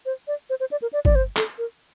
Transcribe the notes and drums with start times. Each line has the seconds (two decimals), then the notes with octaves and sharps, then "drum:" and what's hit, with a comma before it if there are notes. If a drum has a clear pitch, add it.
0.06 C5
0.28 D5
0.50 C5
0.60 C5
0.71 D5
0.82 A#4
0.93 D5
1.05 D5, drum: kick
1.15 C5
1.36 A4, drum: clap
1.58 A#4